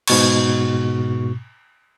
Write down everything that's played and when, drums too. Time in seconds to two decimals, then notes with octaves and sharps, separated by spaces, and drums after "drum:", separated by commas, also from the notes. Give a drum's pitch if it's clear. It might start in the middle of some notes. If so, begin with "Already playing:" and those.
0.07 G#2 B2 C#6, drum: cymbal